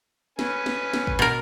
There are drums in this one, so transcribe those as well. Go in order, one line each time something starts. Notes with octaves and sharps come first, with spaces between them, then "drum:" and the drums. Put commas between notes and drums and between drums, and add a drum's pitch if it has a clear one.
C#4 B4 G#5, drum: snare
drum: snare
drum: snare
drum: kick G#1
B2 A#4